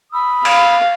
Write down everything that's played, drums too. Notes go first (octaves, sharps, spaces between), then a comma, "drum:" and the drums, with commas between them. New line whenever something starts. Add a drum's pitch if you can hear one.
B5 D#6 E6
F5, drum: cymbal